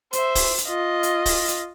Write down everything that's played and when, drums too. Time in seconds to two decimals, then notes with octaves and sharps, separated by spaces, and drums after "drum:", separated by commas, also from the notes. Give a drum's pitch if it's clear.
0.13 C5 E5, drum: hi-hat
0.35 drum: kick, open hi-hat
0.58 drum: hi-hat
0.67 F4 D#5
1.03 drum: hi-hat
1.26 drum: kick, open hi-hat
1.48 drum: hi-hat